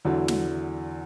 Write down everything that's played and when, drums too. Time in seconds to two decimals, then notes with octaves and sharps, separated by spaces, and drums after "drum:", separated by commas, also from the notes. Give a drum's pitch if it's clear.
0.05 E2 D3 F#3 E4
0.28 drum: snare